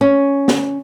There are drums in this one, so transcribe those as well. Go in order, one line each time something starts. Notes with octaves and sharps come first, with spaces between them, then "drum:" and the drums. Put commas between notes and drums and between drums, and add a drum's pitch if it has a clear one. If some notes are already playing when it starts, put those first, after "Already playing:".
C#4
drum: snare